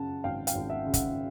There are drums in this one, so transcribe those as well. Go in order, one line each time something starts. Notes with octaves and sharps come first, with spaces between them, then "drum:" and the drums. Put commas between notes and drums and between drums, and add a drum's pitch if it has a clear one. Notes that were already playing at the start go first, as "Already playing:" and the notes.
Already playing: F#2 C#3 F#5 A5
G#1 F5 G5
F5 G5, drum: hi-hat
G#1
E5 F#5
C#3
E5 F#5, drum: kick, hi-hat